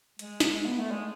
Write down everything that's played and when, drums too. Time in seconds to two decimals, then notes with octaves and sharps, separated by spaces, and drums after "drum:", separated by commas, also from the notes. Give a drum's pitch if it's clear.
0.19 G#3, drum: hi-hat
0.40 drum: snare
0.65 B3
0.79 A3
0.91 G#3